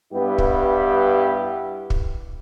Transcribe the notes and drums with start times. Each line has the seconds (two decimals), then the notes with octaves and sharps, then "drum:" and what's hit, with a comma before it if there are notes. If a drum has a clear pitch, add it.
0.13 G2 G3 B3 E4 G4 B4
0.38 drum: kick
1.90 drum: kick